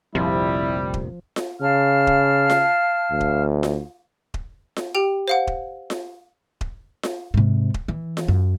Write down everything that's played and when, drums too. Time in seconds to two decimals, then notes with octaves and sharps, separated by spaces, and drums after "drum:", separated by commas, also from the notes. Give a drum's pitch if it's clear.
0.15 F1 A#1 C3 F3 G3 E4
0.94 drum: kick D#1
1.36 drum: snare F4
1.61 C#3 F5 A5 F6
2.07 drum: kick D#1
2.50 drum: snare F4
3.11 D2
3.21 drum: kick D#1
3.63 drum: snare F4
4.34 drum: kick D#1
4.76 drum: snare F4
4.95 G4 G5
5.28 C5 F5 F#5
5.47 drum: kick D#1
5.90 drum: snare F4
6.61 drum: kick D#1
7.03 drum: snare F4
7.34 G#2 C3
7.74 drum: kick D#1
7.88 E3
8.17 drum: snare F4
8.28 F#2